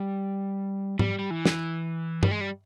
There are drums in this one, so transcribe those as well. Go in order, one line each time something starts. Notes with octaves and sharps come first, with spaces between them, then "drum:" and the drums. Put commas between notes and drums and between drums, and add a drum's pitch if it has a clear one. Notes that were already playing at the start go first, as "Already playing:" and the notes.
Already playing: G3
G3, drum: tom G#2
G3
E3
drum: snare
G3, drum: tom G2
G#3
G3